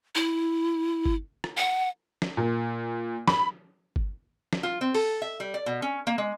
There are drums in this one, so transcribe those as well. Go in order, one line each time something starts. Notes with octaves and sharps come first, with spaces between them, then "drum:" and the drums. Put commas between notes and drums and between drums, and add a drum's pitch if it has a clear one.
E4
drum: kick G1
drum: rim click
F#5
drum: snare
A#2
B5, drum: snare
drum: kick G1
drum: snare
F4
C4
A4, drum: open hi-hat
E5
G3
D5
B2
C#4
A#3
G#3